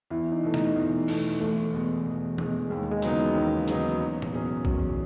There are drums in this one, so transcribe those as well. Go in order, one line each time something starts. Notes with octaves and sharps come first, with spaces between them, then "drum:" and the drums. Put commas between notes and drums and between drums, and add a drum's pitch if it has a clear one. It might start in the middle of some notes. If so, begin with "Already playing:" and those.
E2 E4
D#4
B2 A3
D#4, drum: snare
E2
B2 A3, drum: cymbal
E1 A3
E2 B2 G#3
E1
E2 B2 G#3, drum: tom D#3
D#2 G#3
G#3
C#3 F#3 B3 D#4, drum: hi-hat
E3
D#2 D#3
C#3 F#3 B3 D#4, drum: hi-hat
E2
drum: tom A2
B2 F#3 C#4 G#4
E2 F#3, drum: kick A#1